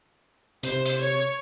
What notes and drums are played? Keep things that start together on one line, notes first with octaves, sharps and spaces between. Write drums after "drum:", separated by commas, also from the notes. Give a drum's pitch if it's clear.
C3 C5, drum: hi-hat
drum: hi-hat
C#5